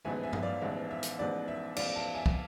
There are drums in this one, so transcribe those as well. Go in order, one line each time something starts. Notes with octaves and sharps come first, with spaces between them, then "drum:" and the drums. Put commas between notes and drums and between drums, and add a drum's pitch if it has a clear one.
A1 G#2 F3 B3 E5 G#5
E5 G#5
drum: tom G2
D5 F5
A1 G#2 F3 B3 E5
E5
drum: hi-hat
A1 G#2 F3 B3 D5
E5
A1 G#2 F3 B3 D5 F5, drum: cymbal
F5 A5
E5 G#5
drum: kick